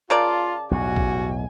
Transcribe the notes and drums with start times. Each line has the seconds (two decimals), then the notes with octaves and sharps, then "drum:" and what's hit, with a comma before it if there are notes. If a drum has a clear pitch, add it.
0.10 C#3 F4 A#4 D5 A5
0.71 B1 E2 A2 G3 F#4 G#5
0.96 drum: kick A#1